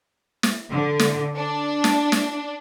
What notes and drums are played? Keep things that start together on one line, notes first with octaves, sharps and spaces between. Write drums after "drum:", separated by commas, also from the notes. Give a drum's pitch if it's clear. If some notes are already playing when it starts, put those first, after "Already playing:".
drum: snare
D3
drum: snare
D4
drum: snare
drum: snare